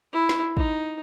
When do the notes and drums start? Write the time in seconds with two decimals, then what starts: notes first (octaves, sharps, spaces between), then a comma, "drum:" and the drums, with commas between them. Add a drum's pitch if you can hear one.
0.13 E4
0.29 drum: snare
0.57 D#4, drum: kick